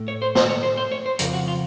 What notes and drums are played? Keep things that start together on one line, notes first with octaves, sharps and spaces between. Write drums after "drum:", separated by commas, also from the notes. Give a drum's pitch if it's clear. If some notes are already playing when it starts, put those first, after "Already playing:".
Already playing: A2 A3
C#5
C5
C5, drum: snare
C#5
C5
C5
C#5
C5
F2 C#3 F3 A#4, drum: hi-hat
F#4
F4